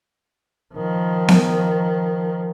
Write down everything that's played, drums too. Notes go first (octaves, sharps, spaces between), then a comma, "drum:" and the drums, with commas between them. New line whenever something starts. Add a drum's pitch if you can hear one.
D#3 F3
drum: snare B3